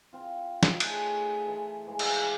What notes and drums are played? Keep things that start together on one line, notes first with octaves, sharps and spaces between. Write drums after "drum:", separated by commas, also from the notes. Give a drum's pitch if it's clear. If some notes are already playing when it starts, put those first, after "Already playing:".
C4 F4
D#4, drum: snare
A3 G#4 C5 C#5, drum: cymbal
E3 A4
E3 F3 G#3
drum: cymbal